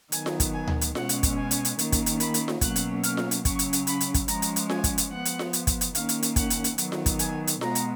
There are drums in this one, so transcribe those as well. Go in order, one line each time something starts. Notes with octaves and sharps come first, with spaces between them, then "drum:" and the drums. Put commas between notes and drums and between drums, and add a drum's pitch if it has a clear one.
D#3 F#3 B3 G#5, drum: hi-hat
drum: snare F4
drum: kick, hi-hat
G#5
drum: tom D2
drum: hi-hat
B2 G#3 C#4 F#5, drum: snare F4
drum: hi-hat
drum: kick, hi-hat
G#5
drum: hi-hat
drum: hi-hat
D#3 A#3 C#4, drum: hi-hat
drum: kick, hi-hat
drum: hi-hat
B5, drum: hi-hat
drum: hi-hat
drum: snare F4
B2 F#3 A#3 C#4 F#6, drum: kick, hi-hat
drum: hi-hat
F6, drum: hi-hat
drum: snare F4
drum: hi-hat
C#3 F#3 C#4 C#6, drum: kick, hi-hat
drum: hi-hat
drum: hi-hat
B5, drum: hi-hat
drum: hi-hat
drum: kick, hi-hat
F3 G#3 C#4 A#5, drum: hi-hat
drum: hi-hat
drum: hi-hat
G#5, drum: snare F4
drum: kick, hi-hat
drum: hi-hat
F3 B3 F#5
drum: hi-hat
drum: snare F4
drum: hi-hat
drum: kick, hi-hat
drum: hi-hat
D#3 A#3 C#4 F5, drum: hi-hat
drum: hi-hat
drum: hi-hat
F#5, drum: kick, hi-hat
drum: hi-hat
drum: hi-hat
D#3 F#3 B3, drum: hi-hat
drum: snare F4
drum: kick, hi-hat
G#5, drum: hi-hat
drum: hi-hat
B2 G#3 B3 A#5, drum: snare F4
drum: hi-hat